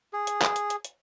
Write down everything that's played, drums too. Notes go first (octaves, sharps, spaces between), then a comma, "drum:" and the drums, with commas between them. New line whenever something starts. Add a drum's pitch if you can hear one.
G#4
drum: hi-hat
drum: clap
drum: hi-hat
drum: hi-hat
drum: hi-hat